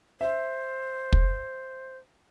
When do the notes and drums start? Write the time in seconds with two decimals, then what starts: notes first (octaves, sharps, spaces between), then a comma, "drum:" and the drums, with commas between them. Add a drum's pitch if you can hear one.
0.21 C5 E5
1.13 drum: kick